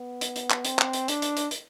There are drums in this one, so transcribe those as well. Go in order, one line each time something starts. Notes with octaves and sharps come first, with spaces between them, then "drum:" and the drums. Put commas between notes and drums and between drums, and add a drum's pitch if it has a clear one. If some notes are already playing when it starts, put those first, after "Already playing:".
Already playing: B3
drum: hi-hat
drum: hi-hat
drum: clap
C4, drum: hi-hat
drum: clap
drum: hi-hat
D4, drum: hi-hat
drum: hi-hat
drum: hi-hat
drum: hi-hat